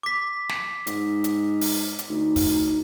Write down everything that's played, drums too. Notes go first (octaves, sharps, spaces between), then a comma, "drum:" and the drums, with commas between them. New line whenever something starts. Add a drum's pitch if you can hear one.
D6 B6
drum: snare
G#2, drum: hi-hat
drum: hi-hat
drum: open hi-hat
drum: hi-hat
D2 D#4
drum: kick, open hi-hat